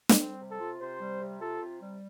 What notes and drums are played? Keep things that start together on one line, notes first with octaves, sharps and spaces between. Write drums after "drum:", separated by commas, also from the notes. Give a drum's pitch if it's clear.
drum: snare
G3 C4
C3
A4
F4
C3 C5
G3
C3
F4 A4
C3
G3